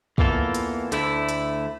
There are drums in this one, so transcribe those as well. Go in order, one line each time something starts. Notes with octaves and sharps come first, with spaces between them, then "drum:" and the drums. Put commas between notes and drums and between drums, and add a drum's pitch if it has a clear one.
E2 E3 A#3 F4 A4, drum: kick
drum: hi-hat
D2 D3 A3 E4, drum: hi-hat
drum: hi-hat